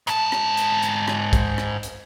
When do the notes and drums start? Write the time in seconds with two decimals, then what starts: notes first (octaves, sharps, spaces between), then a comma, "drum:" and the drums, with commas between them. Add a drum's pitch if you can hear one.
0.07 G#2 A5, drum: hi-hat
0.32 drum: rim click
0.57 drum: hi-hat
0.83 drum: hi-hat
1.08 drum: rim click
1.33 drum: kick, hi-hat
1.58 drum: rim click
1.83 drum: hi-hat